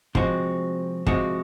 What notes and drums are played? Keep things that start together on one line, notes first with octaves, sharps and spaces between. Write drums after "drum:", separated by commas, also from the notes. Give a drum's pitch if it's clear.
C3 F3 G#3 C4 F#4, drum: kick
C3 F3 G#3 C4 F#4, drum: kick